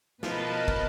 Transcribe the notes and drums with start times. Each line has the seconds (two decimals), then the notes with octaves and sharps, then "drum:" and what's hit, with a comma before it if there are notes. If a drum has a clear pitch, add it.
0.23 B2 F3 A#4 B4 D#5 A5 B5, drum: snare
0.68 drum: kick